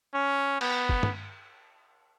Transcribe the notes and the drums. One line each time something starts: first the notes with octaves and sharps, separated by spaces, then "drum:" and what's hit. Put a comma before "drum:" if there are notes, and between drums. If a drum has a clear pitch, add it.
C#4
B3, drum: cymbal
drum: kick
drum: tom